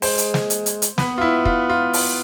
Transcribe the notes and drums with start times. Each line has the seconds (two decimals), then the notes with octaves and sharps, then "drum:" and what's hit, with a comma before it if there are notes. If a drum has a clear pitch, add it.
0.02 G#3 C5, drum: open hi-hat
0.18 drum: hi-hat
0.34 drum: snare
0.50 drum: hi-hat
0.66 drum: hi-hat
0.82 drum: hi-hat
0.98 B3 B4, drum: snare
1.18 F4
1.21 E4
1.45 F4, drum: kick
1.70 F4
1.93 drum: open hi-hat